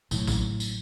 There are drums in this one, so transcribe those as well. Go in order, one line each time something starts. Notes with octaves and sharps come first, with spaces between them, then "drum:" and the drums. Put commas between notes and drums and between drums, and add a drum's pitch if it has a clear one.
A2 F#3, drum: tambourine
drum: kick A1, tambourine
drum: tambourine